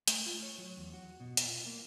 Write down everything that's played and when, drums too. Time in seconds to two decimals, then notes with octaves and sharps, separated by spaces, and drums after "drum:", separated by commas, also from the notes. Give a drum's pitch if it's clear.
0.08 A3, drum: hi-hat
0.26 F4
0.43 C#5
0.58 F#3
0.77 E2
0.94 F#4
1.20 B2
1.37 drum: hi-hat
1.47 F4
1.66 A#3